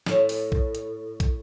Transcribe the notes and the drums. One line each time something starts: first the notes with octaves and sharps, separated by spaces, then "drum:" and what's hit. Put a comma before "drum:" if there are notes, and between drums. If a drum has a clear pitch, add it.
A2, drum: snare
drum: open hi-hat
drum: kick
drum: hi-hat
drum: kick, hi-hat